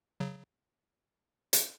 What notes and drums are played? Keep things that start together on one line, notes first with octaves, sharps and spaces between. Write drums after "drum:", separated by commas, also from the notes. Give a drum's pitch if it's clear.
C#3 F#3
drum: hi-hat